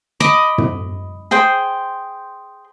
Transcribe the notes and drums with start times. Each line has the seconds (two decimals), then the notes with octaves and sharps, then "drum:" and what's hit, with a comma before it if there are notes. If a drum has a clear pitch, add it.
0.20 D#5 B5 D6
0.58 drum: tom
1.31 G#4 C5 G5